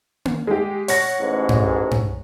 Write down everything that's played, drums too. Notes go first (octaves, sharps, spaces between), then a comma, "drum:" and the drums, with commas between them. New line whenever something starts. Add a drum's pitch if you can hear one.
drum: tom A#3
G#3 G4
C#5 F#5 A#6, drum: open hi-hat
A1 G#2
drum: tom G2
drum: tom G2